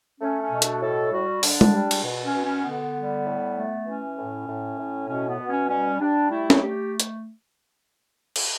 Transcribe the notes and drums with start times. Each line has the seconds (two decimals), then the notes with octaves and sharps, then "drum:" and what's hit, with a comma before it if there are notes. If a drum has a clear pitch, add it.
0.21 A3 C#4
0.42 C#4
0.51 B2
0.62 D4, drum: hi-hat
0.81 A2 A4
1.12 G3 F#4
1.43 D3 D4, drum: open hi-hat
1.61 drum: tom G#3
1.73 G3
1.91 drum: cymbal
2.04 B2
2.24 C#4
2.34 B2
2.44 C#4
2.64 D3 B3
2.95 G3
3.26 A2
3.56 A3
3.86 E3 C#4
4.17 A2
4.48 A2
4.78 A2
5.08 B2 C#4
5.28 B3
5.40 B2
5.49 C#4
5.69 G3 C#4
6.00 G3 D4
6.31 A3 E4
6.50 drum: snare
6.61 A3 G4
7.00 drum: hi-hat
8.36 drum: cymbal